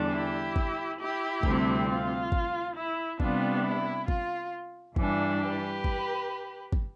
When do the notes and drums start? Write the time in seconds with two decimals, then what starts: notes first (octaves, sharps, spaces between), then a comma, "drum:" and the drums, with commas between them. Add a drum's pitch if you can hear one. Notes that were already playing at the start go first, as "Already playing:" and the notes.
Already playing: E2 D3 G3 D4
0.11 E4 G4
0.56 drum: kick
1.00 E4 G4
1.43 D2 C3 G3 C4, drum: kick
1.88 F4
2.32 drum: kick
2.76 E4
3.20 C3 G3 B3 D4 F4, drum: kick
3.65 E4
4.08 F4, drum: kick
4.96 G2 E3 G3 D4, drum: kick
5.41 G4 B4
5.84 drum: kick
6.73 drum: kick